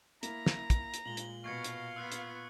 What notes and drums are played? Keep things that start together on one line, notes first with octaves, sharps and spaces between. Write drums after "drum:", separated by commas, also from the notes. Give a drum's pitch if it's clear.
A#3 E4 A#4 A#5, drum: hi-hat
drum: snare
drum: kick, hi-hat
drum: hi-hat
A#2 G#3 F#7 G7
drum: hi-hat
B2 F5 C#6 G#6 C#7
drum: hi-hat
B3 F4 E6 F#6 C#7
drum: hi-hat